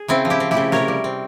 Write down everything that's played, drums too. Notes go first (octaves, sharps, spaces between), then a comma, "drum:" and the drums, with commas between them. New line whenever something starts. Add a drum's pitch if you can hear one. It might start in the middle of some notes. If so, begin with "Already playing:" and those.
Already playing: G#4
C#3 C4 E4
F3
E4 G4
C4
E4 G4, drum: snare
C#3
C3 A#4 C#5, drum: snare
G3
C4